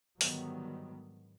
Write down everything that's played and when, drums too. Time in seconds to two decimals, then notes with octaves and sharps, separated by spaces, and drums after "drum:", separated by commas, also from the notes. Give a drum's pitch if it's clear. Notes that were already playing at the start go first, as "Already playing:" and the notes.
0.21 G#2 D3 D#3 F#3 G3 B3, drum: open hi-hat